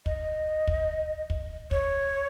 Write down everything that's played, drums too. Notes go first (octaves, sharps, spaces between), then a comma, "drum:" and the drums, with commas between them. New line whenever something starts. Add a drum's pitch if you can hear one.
D#5, drum: kick
drum: kick
drum: kick
C#5, drum: kick